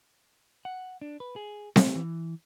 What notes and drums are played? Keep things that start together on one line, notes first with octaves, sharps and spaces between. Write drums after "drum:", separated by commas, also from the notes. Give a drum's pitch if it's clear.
F#5
D4
B4
G#4
A3, drum: snare C4
E3